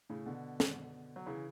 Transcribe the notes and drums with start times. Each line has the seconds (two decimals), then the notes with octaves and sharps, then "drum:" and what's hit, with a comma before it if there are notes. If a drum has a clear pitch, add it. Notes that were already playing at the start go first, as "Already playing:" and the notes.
0.10 A2 C#3
0.26 B2 D3
0.60 drum: snare
1.16 F#3
1.26 C#3 E3